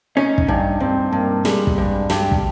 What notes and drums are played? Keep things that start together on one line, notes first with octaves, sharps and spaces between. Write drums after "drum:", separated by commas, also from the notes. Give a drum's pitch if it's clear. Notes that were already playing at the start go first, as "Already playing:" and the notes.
C#4 D#4
drum: kick
G2 D#4
G2 C4
G2 A#3
G3 G#3, drum: snare
drum: kick
G2
G2 G4, drum: snare
drum: kick